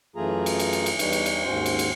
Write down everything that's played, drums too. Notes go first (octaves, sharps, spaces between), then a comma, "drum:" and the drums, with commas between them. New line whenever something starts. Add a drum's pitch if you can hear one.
F#2 E3 A3 F4 G#4 A#5
drum: cymbal
drum: cymbal
drum: cymbal
drum: cymbal
E2 G3 D#4 B4 C#5, drum: cymbal
drum: cymbal
drum: cymbal
D#2 G#2 C#4 F#4 C5
drum: cymbal
drum: cymbal